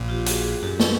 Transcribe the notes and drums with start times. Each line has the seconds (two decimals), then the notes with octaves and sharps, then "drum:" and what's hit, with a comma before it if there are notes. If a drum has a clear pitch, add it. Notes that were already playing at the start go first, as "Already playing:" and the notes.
Already playing: A#1 A#2
0.08 F4 G4
0.26 F#4 G#4, drum: hi-hat
0.62 F#2 G4 A4
0.80 A4 B4, drum: snare